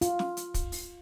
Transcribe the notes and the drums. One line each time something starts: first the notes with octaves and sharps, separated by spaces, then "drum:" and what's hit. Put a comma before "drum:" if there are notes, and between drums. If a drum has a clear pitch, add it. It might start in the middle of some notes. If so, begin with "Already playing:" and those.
F4, drum: hi-hat
drum: snare
drum: hi-hat
drum: kick, hi-hat
drum: open hi-hat